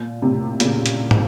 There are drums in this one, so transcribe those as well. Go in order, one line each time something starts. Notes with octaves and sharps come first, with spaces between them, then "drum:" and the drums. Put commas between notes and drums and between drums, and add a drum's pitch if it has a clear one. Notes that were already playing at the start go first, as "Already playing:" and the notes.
Already playing: A#2
A2 C3
A#2 C#3, drum: hi-hat
drum: hi-hat
drum: tom